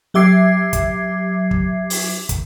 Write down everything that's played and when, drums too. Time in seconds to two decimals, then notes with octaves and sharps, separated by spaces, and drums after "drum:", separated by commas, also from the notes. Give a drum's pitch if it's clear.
0.14 F#3 G4 E5 D6 G#6 C7
0.73 drum: kick, hi-hat
1.51 drum: kick
1.90 drum: open hi-hat
2.29 drum: kick, hi-hat